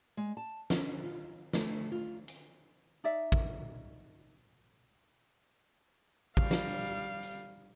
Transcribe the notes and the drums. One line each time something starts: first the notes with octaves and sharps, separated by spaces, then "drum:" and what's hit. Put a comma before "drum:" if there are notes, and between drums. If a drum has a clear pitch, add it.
G#3
A5
C#4, drum: snare
F4
A3, drum: snare
F4
drum: hi-hat
D#4 D5 E5
drum: kick
G3 F5, drum: kick
drum: snare
drum: hi-hat